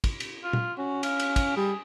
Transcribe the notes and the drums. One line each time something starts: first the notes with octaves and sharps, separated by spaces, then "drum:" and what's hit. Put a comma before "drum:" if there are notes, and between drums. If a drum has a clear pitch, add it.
drum: kick, cymbal
drum: cymbal
F4
drum: tom A#2
C#4 F#4
F5, drum: cymbal
drum: cymbal
drum: kick, cymbal
G3 G#4